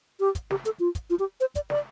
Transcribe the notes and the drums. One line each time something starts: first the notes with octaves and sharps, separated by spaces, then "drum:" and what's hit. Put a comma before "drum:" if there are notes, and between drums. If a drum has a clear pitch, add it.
G4
drum: kick, hi-hat
G4, drum: snare
A4, drum: hi-hat
F4
drum: kick, hi-hat
F4
G4
C5
D5, drum: kick, hi-hat
D5, drum: snare